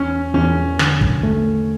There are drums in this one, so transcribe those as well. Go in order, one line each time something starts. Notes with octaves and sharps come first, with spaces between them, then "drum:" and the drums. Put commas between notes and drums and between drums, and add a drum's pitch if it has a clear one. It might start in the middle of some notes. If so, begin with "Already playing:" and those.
Already playing: E2 C#4
E2 C#4
D3, drum: rim click
drum: kick
A3